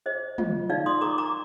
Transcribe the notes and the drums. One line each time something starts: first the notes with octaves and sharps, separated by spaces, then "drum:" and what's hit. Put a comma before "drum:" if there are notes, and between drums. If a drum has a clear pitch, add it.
C5 D#5
F4, drum: tom
D#4 D5 F5
C6 D#6
A#4 A#5 D6
A#5 D6